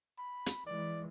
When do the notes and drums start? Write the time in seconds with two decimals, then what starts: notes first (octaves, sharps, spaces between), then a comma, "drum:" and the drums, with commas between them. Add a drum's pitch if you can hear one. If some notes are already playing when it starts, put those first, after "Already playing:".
0.18 B5
0.46 drum: hi-hat
0.67 E3 G#3 D5